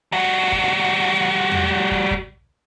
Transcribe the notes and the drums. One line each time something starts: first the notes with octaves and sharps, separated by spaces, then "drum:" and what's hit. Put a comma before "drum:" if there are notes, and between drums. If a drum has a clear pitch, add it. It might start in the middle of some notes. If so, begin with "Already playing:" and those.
G3 F#4
drum: kick
drum: tom E2
drum: kick
drum: kick